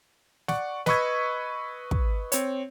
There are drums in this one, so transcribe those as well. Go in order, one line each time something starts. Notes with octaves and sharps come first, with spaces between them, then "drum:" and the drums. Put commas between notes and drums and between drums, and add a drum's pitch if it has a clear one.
D5 F#5 C#6, drum: snare
B4 D#5 B5 C#6 E6 G#6, drum: snare
drum: kick
C4 C#5, drum: hi-hat